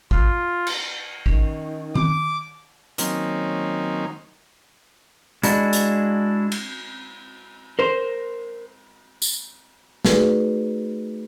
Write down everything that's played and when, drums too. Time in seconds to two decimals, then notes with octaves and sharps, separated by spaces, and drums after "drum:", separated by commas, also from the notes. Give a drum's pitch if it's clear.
0.11 F4, drum: kick G#1
0.67 drum: cymbal
1.26 D#3 C#4, drum: kick G#1
1.95 D6, drum: tom D#3
2.98 D#3 F#3 A#3 C4 C#4 D#4, drum: hi-hat
5.43 G#3 D4 E4 F#4, drum: hi-hat
5.73 drum: hi-hat
6.52 drum: cymbal
7.79 A#4 C5
9.22 drum: tambourine
10.05 A3 D#4 F#4 G#4 B4 D5, drum: snare